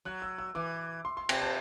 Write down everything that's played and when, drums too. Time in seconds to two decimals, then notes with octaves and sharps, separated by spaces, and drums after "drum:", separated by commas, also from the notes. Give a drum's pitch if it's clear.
0.05 F#3 F#6
0.22 E6
0.38 E6
0.55 E3 D6
1.05 C6
1.17 C6
1.29 C3 G5, drum: cymbal
1.42 A5